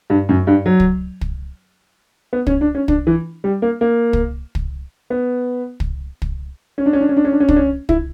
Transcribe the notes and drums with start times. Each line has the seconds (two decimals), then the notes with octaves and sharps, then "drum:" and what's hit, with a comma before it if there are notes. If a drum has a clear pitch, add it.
0.10 G2
0.29 F#2
0.47 G2
0.66 F#3
0.80 drum: kick
1.22 drum: kick
2.33 B3
2.47 C#4, drum: kick
2.61 D4
2.75 C#4
2.88 D4, drum: kick
3.07 E3
3.44 G3
3.62 A#3
3.81 A#3
4.13 drum: kick
4.55 drum: kick
5.10 B3
5.80 drum: kick
6.22 drum: kick
6.78 C#4
6.86 D4
6.93 C#4
7.01 D4
7.09 C#4
7.17 D4
7.25 C#4
7.32 D4
7.40 C#4
7.49 D4, drum: kick
7.56 C#4
7.89 E4, drum: kick